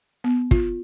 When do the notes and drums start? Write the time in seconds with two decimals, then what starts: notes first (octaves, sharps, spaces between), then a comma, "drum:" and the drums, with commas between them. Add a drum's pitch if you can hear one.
0.24 B3
0.51 F4, drum: kick